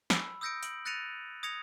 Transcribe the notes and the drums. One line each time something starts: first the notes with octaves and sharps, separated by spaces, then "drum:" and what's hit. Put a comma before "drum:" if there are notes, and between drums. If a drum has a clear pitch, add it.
B5 E6, drum: snare
D#6 E6 G6 A#6 C#7 D7
D7 F#7, drum: hi-hat
F#6 A6 A#6 C#7 D#7 F7
D#6 G#6 A#6 C#7 F7